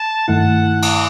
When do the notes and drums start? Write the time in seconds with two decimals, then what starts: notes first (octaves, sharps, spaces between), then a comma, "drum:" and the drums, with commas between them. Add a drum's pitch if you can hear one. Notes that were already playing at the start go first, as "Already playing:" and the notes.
Already playing: A5
0.28 G2 D#3 A3 E4 F#5
0.82 drum: cymbal